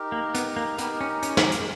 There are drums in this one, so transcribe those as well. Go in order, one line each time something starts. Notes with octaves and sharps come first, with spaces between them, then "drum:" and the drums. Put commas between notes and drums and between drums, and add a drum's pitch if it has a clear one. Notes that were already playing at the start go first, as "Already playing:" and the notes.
Already playing: D#4 G4 A#4
A#3
B3, drum: hi-hat
A#3
B3 D#4 G4 A#4, drum: hi-hat
C#4
C#4, drum: hi-hat
drum: snare
drum: hi-hat